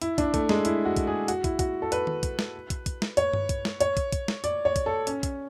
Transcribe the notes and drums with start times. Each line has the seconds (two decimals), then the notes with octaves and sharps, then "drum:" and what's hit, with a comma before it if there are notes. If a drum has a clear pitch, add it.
0.02 E4, drum: hi-hat
0.18 D4, drum: kick, hi-hat
0.34 A3, drum: kick, hi-hat
0.49 G#3, drum: snare
0.65 E4, drum: hi-hat
0.85 F#4
0.96 drum: kick, hi-hat
1.07 G#4
1.28 F#4, drum: hi-hat
1.44 E4, drum: kick, hi-hat
1.59 F#4, drum: kick, hi-hat
1.82 A4
1.92 B4, drum: hi-hat
2.07 drum: tom D#3
2.23 drum: kick, hi-hat
2.39 drum: snare
2.70 drum: kick, hi-hat
2.86 drum: kick, hi-hat
3.02 drum: snare
3.17 C#5, drum: hi-hat
3.34 drum: tom G2
3.49 drum: kick, hi-hat
3.65 drum: snare
3.81 C#5, drum: hi-hat
3.97 drum: kick, hi-hat
4.13 drum: kick, hi-hat
4.28 drum: snare
4.44 D5, drum: hi-hat
4.65 C#5
4.76 drum: kick, hi-hat
4.86 A4
5.07 C#4, drum: hi-hat
5.23 drum: kick, hi-hat